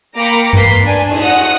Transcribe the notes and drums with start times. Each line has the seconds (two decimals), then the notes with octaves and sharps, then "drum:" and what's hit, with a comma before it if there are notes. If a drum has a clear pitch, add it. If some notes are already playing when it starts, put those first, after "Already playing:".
0.16 A#3 G5 A#5 B5 D6 C#7
0.53 A#3 B4 C6 B6, drum: tom G2
0.84 D4 G#5
1.10 drum: cymbal
1.21 D#5 F#5 D#6